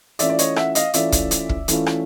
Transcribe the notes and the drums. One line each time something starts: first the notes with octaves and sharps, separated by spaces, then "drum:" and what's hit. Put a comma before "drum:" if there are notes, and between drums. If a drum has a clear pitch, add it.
E3 A3 C#4 F4 D5 E5, drum: hi-hat
D5
C#5 D#5, drum: hi-hat
E5 F#5, drum: rim click
D#5 F5, drum: hi-hat
E3 A3 C#4 F4 D5 E5, drum: hi-hat
drum: kick, hi-hat
drum: hi-hat
drum: kick
E3 A3 C#4 F4, drum: hi-hat
drum: rim click